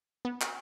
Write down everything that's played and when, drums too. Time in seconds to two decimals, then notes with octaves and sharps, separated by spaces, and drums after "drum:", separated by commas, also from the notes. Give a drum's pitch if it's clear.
0.25 B3
0.41 drum: clap